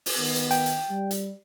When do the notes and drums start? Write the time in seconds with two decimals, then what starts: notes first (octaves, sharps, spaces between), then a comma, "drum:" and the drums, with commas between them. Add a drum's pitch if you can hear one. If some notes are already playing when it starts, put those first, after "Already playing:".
0.06 drum: open hi-hat
0.17 D#3 B3
0.36 drum: hi-hat
0.51 G5, drum: hi-hat
0.66 drum: hi-hat
0.90 G3
1.11 drum: hi-hat